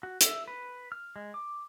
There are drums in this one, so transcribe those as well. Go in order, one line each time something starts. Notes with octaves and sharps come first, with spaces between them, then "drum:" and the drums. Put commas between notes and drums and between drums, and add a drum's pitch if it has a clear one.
F#4
E5, drum: hi-hat
B4
F6
G#3
D6